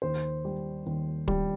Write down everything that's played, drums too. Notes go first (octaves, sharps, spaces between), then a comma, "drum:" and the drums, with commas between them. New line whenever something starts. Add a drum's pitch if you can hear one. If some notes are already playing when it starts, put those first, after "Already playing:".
D#2 C5
G3
D#2
G3, drum: kick